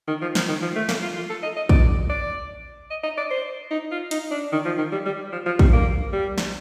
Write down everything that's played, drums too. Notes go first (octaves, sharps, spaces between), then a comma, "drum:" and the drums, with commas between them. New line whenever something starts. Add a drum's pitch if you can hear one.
D#3
F3
F3, drum: snare
D#3
F3
A3
A#3, drum: snare
F4
F4
A4
D#5
D#5
D5, drum: kick
D5
D#5
D#5
D5
C5
D#4
F4
D#4, drum: hi-hat
D4
D#3
F3
D#3
G3
G3
F3
F3
G3, drum: kick
A#3
G3
drum: snare